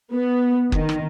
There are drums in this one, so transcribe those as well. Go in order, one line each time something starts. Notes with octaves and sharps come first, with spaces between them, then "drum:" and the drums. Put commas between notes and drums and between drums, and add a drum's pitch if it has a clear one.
B3
D#3, drum: kick F#1
drum: rim click